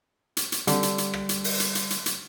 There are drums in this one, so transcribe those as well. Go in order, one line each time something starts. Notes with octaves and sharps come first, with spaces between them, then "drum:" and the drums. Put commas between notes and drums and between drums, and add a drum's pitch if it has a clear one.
drum: hi-hat
drum: hi-hat
D3 G3, drum: hi-hat
drum: hi-hat
drum: hi-hat
drum: rim click
drum: hi-hat
drum: open hi-hat
drum: hi-hat
drum: hi-hat
drum: hi-hat
drum: hi-hat